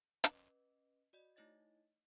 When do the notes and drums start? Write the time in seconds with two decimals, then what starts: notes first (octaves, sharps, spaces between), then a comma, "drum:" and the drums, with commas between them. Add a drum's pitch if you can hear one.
0.24 C#4 B4 D#5 D6, drum: hi-hat
1.13 F#4 D5 D#5
1.36 A3 D#4 E4 C#5 D#5 A6